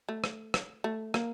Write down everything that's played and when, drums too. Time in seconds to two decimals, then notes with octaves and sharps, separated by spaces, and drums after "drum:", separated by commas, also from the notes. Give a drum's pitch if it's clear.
0.09 A3
0.24 drum: rim click
0.54 drum: rim click
0.84 A3
1.14 A#3, drum: rim click